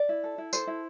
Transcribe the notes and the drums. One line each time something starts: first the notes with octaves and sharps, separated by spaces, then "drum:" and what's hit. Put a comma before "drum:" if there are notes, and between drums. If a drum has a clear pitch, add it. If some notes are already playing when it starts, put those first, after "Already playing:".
Already playing: D5
E4
A4
E4
A4 C5, drum: tambourine
E4